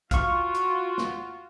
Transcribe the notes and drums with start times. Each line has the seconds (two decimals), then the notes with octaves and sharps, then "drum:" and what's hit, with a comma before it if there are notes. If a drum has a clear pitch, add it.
0.11 F4 F#4 F5 C#6, drum: kick, hi-hat
0.54 drum: hi-hat
0.98 drum: snare